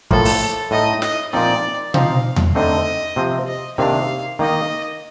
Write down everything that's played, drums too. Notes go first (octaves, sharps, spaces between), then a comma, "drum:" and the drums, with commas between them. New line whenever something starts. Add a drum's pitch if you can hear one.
A2 F3 A#3 A4, drum: kick
drum: open hi-hat
A2 A3 D#4 D#5
D#5, drum: snare
A#2 F3 C4 D#4 D5
F3 C4 D#4 F5, drum: tom B2
drum: tom E2
D3 A3 C4 D#4 D#5
C3 F3 C4
D#5
C3 D#3 A#3 D4 F5
D#3 A#3 D#4 D#5